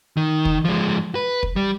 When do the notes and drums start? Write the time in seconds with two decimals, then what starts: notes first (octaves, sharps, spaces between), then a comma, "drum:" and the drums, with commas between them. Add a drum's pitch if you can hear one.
0.17 D#3
0.45 drum: kick
0.65 F3 G#3
1.15 B4
1.43 drum: kick
1.56 G3